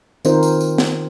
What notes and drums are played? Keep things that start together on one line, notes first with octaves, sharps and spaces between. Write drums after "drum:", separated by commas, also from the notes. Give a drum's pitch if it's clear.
D#3 C4 D#4 F4 A#4 C5, drum: tambourine
drum: tambourine
drum: tambourine
drum: snare